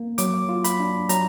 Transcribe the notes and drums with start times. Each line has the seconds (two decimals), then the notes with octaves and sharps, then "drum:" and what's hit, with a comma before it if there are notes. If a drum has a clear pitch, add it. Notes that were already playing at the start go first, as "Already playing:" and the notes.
Already playing: A#3
0.18 F#3 D6, drum: hi-hat
0.49 F4
0.64 B5, drum: hi-hat
0.80 D4
1.09 F#3 A#5, drum: hi-hat